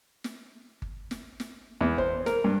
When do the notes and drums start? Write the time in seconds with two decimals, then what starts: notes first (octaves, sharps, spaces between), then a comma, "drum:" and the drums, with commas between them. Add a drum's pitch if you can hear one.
0.24 drum: snare
0.82 drum: kick G1
1.11 drum: snare
1.40 drum: snare
1.81 E2
1.98 C5, drum: kick G1
2.26 A#4, drum: snare
2.44 G2